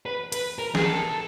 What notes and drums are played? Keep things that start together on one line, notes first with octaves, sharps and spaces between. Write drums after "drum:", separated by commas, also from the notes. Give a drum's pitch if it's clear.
B4
B4, drum: hi-hat
A#4
G#4, drum: snare
A4